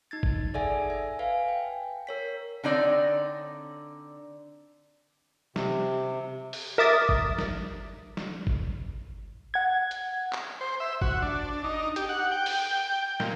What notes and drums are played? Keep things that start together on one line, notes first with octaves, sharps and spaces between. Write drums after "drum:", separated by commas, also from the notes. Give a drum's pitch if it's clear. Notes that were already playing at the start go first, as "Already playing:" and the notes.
D#4 G#6 A6
drum: kick G1
G#4 A4 D5 E5 F#5 G#5
E5
B4 F5 G#5
G5
A#4 C#5 B6
D3 C4 D#4 C#5 D5
C3, drum: snare
drum: open hi-hat
A#4 E5 D6 D#6 A6
drum: kick G1
drum: snare
drum: snare
drum: kick G1
F#5 G#6
drum: hi-hat
drum: clap
C5
E5
F#4, drum: kick G1
D4
D#4
G4, drum: hi-hat
F#5
G5
drum: open hi-hat
A#2, drum: snare